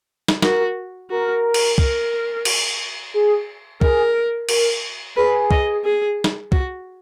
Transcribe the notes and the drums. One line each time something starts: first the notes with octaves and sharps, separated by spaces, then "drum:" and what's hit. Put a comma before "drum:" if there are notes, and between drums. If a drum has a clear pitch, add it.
drum: snare
F#4 A#4, drum: snare
F#4 A#4
drum: cymbal
A#4, drum: kick
drum: cymbal
G#4
G#4 A#4, drum: kick
A#4, drum: cymbal
G#4 B4
D#5, drum: kick
G#4
drum: snare
F#4, drum: kick